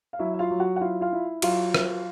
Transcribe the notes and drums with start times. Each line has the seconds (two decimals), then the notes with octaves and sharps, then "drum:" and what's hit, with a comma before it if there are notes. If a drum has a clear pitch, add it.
0.13 F5
0.19 F#3 E4 E5
0.34 E5
0.39 F4 F5
0.50 F#3
0.60 F#4 F#5
0.76 F#5
0.80 E4 F4 F5
1.01 F4 F5
1.13 E4
1.42 F#3 F4 F5, drum: cymbal
1.74 F#3, drum: rim click